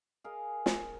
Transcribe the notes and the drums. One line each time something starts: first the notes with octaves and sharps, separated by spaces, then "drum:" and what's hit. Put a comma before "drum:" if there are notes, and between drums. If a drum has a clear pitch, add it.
G#4 A#4 D#5 F5
drum: snare